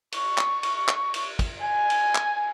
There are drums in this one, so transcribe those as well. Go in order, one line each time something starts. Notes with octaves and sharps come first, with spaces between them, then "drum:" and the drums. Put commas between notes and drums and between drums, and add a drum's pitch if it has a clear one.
C#6, drum: cymbal
drum: clap
drum: cymbal
drum: clap
drum: cymbal
drum: kick, cymbal
G#5
drum: cymbal
drum: clap